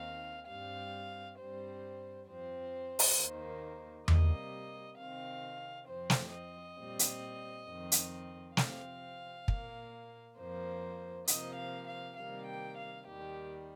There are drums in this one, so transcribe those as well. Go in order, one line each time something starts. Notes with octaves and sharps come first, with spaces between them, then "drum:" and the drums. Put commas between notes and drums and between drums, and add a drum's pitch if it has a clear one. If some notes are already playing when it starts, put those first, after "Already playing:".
Already playing: D#2 D#3 C4 F5
G2 G3 C4 F5
G2 G3 C4 C5
F2 F3 C4 C5
drum: open hi-hat
D#2 D#3 A#3
C3 G3 A#3 D#5, drum: tom E2
C3 D#3 C4 F5
F2 F3 C4 C5
drum: snare
D#5
A#2 G3 C4
drum: hi-hat
F2 D#3 C4
drum: hi-hat
C3 F3 C4 F5, drum: snare
A#2 A#3, drum: kick
F2 F3 A#3 C5
C3 F3 A#3 D#5, drum: hi-hat
F5
F5
C3 D#3 G3 A#3 F5
G5
F5
D#2 D#3 G3 G4